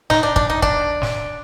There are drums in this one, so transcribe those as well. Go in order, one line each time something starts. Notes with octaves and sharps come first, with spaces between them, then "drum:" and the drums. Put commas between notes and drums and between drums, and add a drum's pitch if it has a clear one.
D#4, drum: snare
D4
D4, drum: kick
D#4
D4, drum: kick
drum: snare